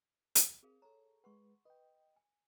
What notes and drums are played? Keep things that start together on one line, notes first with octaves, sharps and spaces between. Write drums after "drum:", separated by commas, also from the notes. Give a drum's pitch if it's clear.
drum: hi-hat
C4 G#4 A#4 F5
A4 C#5 A#5
G#3 B4 F#5 C6 C#6
B4 D#5 G5
G#5